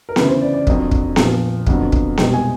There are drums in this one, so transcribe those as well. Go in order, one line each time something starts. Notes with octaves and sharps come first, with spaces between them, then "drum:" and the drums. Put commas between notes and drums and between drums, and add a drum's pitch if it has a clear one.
A#4
D2 C#3 E3 B4, drum: snare B3
C5
D5
D5
F2 D3 F#3 A#3 D#5, drum: kick
drum: kick
A#1 A#2 F3, drum: snare B3
G1 F2 D3 F#3 B3 F#5, drum: kick
drum: kick
C2 B2 G#3 G5, drum: snare B3
G#5